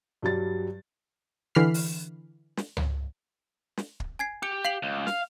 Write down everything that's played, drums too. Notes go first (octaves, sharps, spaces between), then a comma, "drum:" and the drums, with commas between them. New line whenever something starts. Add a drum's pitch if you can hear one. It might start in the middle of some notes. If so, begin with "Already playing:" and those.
G2 F#3 G3 A6
D3 E3 B5 F6 C7
drum: open hi-hat
drum: snare
drum: tom C#2
drum: snare
drum: kick
G#5 G#6 C7
G4 C#7
F5 C7 F#7
C#2
F5, drum: snare